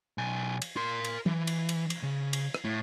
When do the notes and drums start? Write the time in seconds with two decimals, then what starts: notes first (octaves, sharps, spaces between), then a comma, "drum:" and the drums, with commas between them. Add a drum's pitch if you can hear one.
0.18 B1 G#5
0.62 drum: cymbal
0.77 A#4 C6
1.04 drum: cymbal
1.26 E3, drum: tom
1.47 drum: cymbal
1.69 drum: cymbal
1.90 drum: cymbal
2.03 C#3
2.33 drum: cymbal
2.54 drum: rim click
2.64 A2